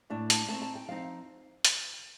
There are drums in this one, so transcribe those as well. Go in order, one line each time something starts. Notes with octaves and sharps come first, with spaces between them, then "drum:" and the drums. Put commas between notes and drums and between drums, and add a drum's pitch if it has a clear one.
A2 A3 D4 A5
A5, drum: hi-hat
D3 A3 C4 D#4 A5
A5
G5
F3 C4 D#4 F5
drum: hi-hat